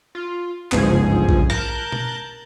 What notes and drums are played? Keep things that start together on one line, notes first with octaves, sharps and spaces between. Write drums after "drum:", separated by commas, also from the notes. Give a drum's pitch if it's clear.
F4
G1 C#2 G#2 F3 G#4, drum: clap
drum: kick A#1
A#4 A5 F#6 G6, drum: rim click
drum: tom B2